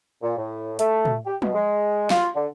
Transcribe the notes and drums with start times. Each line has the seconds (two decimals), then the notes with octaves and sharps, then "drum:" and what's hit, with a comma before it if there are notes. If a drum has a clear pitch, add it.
0.22 A#2
0.38 A2
0.79 A3, drum: hi-hat
1.05 drum: tom
1.26 G4
1.42 B2, drum: tom
1.54 G#3
2.10 F4, drum: snare
2.35 D3